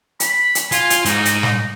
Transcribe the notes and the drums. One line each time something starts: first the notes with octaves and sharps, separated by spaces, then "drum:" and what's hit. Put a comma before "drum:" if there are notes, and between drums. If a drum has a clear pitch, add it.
B5, drum: hi-hat
drum: hi-hat
F4 G#5, drum: hi-hat
drum: hi-hat
G#2 D#4, drum: hi-hat
drum: hi-hat
drum: snare